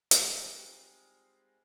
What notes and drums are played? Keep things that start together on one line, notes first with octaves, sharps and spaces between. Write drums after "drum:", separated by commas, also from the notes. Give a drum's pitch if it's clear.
G3 G#3 C4 D#4 F4, drum: hi-hat